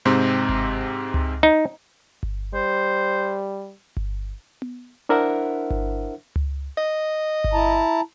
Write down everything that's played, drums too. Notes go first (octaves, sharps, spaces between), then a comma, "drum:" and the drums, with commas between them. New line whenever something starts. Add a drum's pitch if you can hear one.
G#2 C3 C4
drum: kick G1
drum: tom C#2
D#4
drum: kick G1
G3 C5
drum: kick G1
drum: tom B3
D4 E4 A#4 C5 E5 F#5
drum: kick G1
drum: tom C#2
D#5
drum: kick G1
E4 A5 A#5